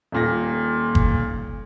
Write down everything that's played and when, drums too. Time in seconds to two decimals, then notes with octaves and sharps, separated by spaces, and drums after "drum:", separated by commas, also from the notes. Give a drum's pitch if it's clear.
0.12 D#1 A#2 A#6
0.95 drum: kick